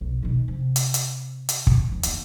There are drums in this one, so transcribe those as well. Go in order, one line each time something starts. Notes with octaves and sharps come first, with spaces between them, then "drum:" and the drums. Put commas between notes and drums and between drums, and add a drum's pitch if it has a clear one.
B1
B2 D#3
C3
drum: hi-hat
drum: hi-hat
drum: hi-hat
drum: kick
E2
D#3 A#3, drum: hi-hat